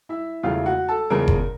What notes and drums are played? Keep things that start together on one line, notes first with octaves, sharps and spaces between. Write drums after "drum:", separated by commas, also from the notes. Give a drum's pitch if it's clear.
E4 E5
E1 E2 C#3 E3 A3 F4 F5
F#4 F#5
A4 A5
E2 C#3 F3 G#3 A#4 A#5
drum: kick F#1